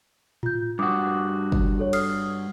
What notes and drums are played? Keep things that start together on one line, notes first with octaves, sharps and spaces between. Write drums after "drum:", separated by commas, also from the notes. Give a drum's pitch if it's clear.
F4 G6, drum: tom A2
G2 F#4 D6 D#6
drum: kick
A4 C#5
D#6 F6 C7, drum: cymbal